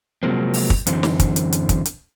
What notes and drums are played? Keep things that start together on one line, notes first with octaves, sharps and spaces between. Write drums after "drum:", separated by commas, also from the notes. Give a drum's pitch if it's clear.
C3 F3 F#3 G#3 A#3 C4
drum: open hi-hat
drum: kick
F#2 D3 E3 C4, drum: hi-hat
drum: snare
drum: kick, hi-hat
drum: hi-hat
drum: hi-hat
drum: kick, hi-hat
drum: hi-hat